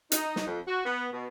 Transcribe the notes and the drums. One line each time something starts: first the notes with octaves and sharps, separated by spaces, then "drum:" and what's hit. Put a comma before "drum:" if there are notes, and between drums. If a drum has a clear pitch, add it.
D#4, drum: hi-hat
drum: snare
F2
F#4
B3
B2